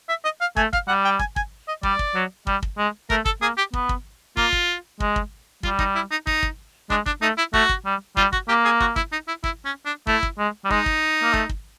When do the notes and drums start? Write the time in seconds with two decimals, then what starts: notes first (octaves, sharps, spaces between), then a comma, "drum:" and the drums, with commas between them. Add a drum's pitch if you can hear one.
0.09 E5
0.24 D#5
0.41 F5
0.56 A3 G#5, drum: kick
0.73 F5, drum: kick
0.88 G3 F#5
1.04 G5
1.19 G#5, drum: kick
1.36 G#5, drum: kick
1.68 D#5
1.83 G3 D5, drum: kick
1.99 drum: kick
2.15 F#3
2.47 G3, drum: kick
2.62 drum: kick
2.78 G#3
3.10 A3 A#4, drum: kick
3.25 A4, drum: kick
3.42 A#3 G#4
3.58 G4
3.73 B3, drum: kick
3.89 drum: kick
4.37 A#3 F4, drum: kick
4.53 drum: kick
5.00 G#3, drum: kick
5.16 drum: kick
5.63 G3 F4, drum: kick
5.79 D#4, drum: kick
5.95 E4
6.11 D#4
6.27 D#4, drum: kick
6.43 drum: kick
6.90 G#3 D4, drum: kick
7.06 D4, drum: kick
7.22 A3 D#4
7.38 E4
7.53 A3 F#4, drum: kick
7.69 drum: kick
7.85 G3
8.17 G3 F4, drum: kick
8.33 F#4, drum: kick
8.48 A#3 G4
8.65 G#4
8.80 F#4, drum: kick
8.96 E4, drum: kick
9.12 D#4
9.28 E4
9.44 E4, drum: kick
9.65 C#4
9.86 D4
10.07 A3 E4, drum: kick
10.23 drum: kick
10.38 G#3
10.65 G3
10.70 G#3 D#4, drum: kick
10.86 drum: kick
11.23 A#3
11.34 A3, drum: kick
11.49 drum: kick